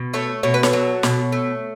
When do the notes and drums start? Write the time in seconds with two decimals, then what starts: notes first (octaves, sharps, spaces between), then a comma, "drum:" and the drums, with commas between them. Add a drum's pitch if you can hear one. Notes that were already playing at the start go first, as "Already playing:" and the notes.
Already playing: B2
0.14 A3 A4 C#5
0.43 B2 C#5
0.54 B4
0.63 A4 C#5, drum: snare
0.73 F#3
1.03 B2, drum: snare
1.32 A3